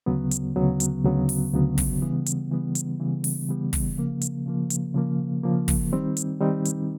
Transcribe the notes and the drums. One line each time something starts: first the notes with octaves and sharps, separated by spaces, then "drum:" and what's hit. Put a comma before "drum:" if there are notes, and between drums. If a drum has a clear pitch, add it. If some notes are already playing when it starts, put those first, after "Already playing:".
D2 C#3 F#3 B3
drum: hi-hat
D2 C#3 F#3 B3
drum: hi-hat
D2 C#3 F#3 B3
drum: open hi-hat
D2 C#3 F#3 B3
drum: kick, open hi-hat
C#3 E3 G3 B3
drum: hi-hat
C#3 E3 G3 B3
drum: hi-hat
C#3 E3 G3 B3
drum: open hi-hat
C#3 E3 G3 B3
drum: kick, open hi-hat
C#3 F3 A#3
drum: hi-hat
C#3 F3 A#3
drum: hi-hat
C#3 F3 A#3
C#3 F3 A#3
drum: kick, open hi-hat
D#3 G3 C4 D#4
drum: hi-hat
D#3 G3 C4 D#4
drum: hi-hat